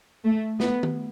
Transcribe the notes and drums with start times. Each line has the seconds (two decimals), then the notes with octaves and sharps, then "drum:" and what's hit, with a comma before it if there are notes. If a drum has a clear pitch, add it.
0.24 A3
0.60 B3, drum: snare
0.83 drum: tom D#3